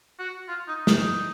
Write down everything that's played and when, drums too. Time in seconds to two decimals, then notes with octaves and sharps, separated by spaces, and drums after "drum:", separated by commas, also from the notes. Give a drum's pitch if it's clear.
0.19 F#4
0.48 F4
0.68 D#4
0.87 D#4, drum: snare